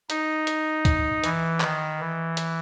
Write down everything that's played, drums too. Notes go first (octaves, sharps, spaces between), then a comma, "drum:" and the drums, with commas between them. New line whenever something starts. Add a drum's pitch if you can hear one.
D#4, drum: hi-hat
drum: hi-hat
drum: kick, hi-hat
E3, drum: hi-hat
D#3, drum: clap
E3
drum: hi-hat